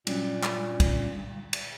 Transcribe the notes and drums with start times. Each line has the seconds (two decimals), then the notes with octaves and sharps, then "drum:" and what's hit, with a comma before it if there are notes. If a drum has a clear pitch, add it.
0.07 G2 A#2 F#3 C#4 D4, drum: cymbal
0.43 drum: clap
0.80 drum: kick, cymbal
1.53 drum: cymbal